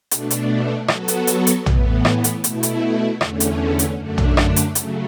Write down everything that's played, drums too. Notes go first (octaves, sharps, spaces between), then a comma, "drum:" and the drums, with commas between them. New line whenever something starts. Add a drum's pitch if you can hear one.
B2 A3 D4, drum: hi-hat
drum: hi-hat
F#3 B3 F#4 A4, drum: rim click
drum: hi-hat
drum: hi-hat
drum: hi-hat
A2 E3 B3, drum: tom
drum: rim click
drum: hi-hat
B2 A3 E4, drum: hi-hat
drum: hi-hat
E2 D3 A3 C#4, drum: rim click
drum: hi-hat
drum: hi-hat
F#2 D3 A3 D4
drum: tom
drum: rim click
drum: hi-hat
C#3 F#3 A3, drum: hi-hat